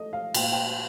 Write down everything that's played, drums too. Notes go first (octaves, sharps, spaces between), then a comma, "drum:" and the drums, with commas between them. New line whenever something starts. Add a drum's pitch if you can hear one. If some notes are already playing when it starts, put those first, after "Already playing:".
Already playing: A3 D#5
F5
A#2 G5, drum: cymbal
F5
G5